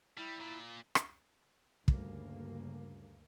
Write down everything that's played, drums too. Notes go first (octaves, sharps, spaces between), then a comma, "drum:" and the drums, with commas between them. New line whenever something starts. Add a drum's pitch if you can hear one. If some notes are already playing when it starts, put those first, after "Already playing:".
G3 E4
A#2
drum: rim click
D2 G2 C#3 G3 A#3, drum: kick